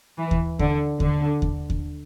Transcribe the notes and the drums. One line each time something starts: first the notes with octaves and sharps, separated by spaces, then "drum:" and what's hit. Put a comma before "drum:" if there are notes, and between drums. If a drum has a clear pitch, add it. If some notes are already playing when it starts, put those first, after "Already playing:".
E3
drum: kick D#2
D3, drum: kick D#2
D3, drum: kick D#2
drum: kick D#2
drum: kick D#2